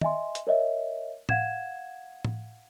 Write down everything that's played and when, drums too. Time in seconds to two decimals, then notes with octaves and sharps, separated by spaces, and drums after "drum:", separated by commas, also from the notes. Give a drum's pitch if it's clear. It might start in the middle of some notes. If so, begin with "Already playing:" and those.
0.01 D#5 E5 G#5 C6, drum: tom
0.35 drum: hi-hat
0.47 A#4 C#5 D#5 E5
1.29 F5 F#5 G#6 E7, drum: tom A2
2.25 drum: tom A2